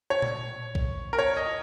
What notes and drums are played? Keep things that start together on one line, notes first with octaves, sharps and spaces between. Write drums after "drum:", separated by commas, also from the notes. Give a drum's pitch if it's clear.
C#5
drum: tom A#2
drum: kick B1
A#4
C#5
D#5